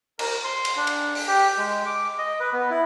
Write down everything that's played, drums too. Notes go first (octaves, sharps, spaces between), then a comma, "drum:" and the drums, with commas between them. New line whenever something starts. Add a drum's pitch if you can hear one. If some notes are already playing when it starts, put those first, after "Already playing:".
A#4, drum: cymbal
C6
drum: cymbal
D4
drum: cymbal
drum: open hi-hat
G4
G#3
D6
D#5
B4
B3
E4